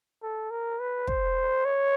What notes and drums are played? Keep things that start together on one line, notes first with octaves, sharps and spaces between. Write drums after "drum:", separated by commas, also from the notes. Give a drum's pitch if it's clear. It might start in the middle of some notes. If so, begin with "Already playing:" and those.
A4
A#4
B4
C5, drum: kick
C#5